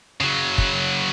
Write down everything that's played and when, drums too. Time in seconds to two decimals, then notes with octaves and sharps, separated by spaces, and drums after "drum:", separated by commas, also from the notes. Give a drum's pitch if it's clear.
0.21 C#3 F#3
0.58 drum: kick